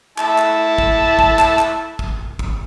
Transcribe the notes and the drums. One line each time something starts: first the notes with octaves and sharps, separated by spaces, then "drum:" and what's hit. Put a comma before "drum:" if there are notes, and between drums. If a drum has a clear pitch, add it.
E4 A5, drum: clap
drum: clap
drum: kick
drum: kick
drum: clap
drum: clap
drum: kick
drum: kick